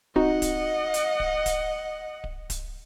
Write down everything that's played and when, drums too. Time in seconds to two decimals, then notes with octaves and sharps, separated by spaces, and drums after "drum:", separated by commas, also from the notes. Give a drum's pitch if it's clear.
0.16 C4 D#4 F#4 D#5 F#5, drum: kick D1
0.42 drum: kick D1, hi-hat
0.94 drum: hi-hat
1.20 drum: kick D1
1.46 drum: kick D1, hi-hat
2.24 drum: kick D1
2.50 drum: kick D1, hi-hat